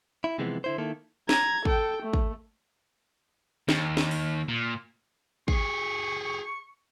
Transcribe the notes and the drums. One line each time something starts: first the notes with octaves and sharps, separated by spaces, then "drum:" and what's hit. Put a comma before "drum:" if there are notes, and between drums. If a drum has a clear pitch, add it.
E4
C3 E3 F3 G#3 B3
D3 E4 C5
D#3 A#3 E4 A4
A#5 G#6, drum: snare
A4 G5, drum: kick
A3
drum: kick
D#2, drum: snare
drum: snare
drum: open hi-hat
A#2
G4 G#4 C#6, drum: kick